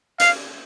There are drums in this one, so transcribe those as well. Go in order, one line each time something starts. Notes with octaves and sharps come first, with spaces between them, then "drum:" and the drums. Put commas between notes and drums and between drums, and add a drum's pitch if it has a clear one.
F5, drum: hi-hat